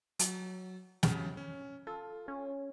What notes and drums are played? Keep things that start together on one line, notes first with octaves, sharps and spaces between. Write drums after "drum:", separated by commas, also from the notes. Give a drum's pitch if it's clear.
F#3, drum: hi-hat
F2 C#3 F#3, drum: snare
C#4
F4 A4
C#4